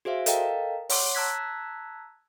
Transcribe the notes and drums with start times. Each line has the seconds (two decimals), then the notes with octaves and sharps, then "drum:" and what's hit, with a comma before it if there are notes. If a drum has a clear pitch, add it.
0.05 F#4 G#4 C5 E5 F5
0.26 A4 A#4 D#5 F5 G5 A#5, drum: hi-hat
0.89 C#5 F#5 C6 D6, drum: open hi-hat
1.15 A5 A#5 E6 F#6 G#6 B6